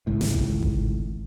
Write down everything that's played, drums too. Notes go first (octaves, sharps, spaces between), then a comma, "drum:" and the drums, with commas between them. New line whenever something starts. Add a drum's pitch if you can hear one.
G#1 C#2 A2
drum: snare
drum: kick G1
drum: kick G1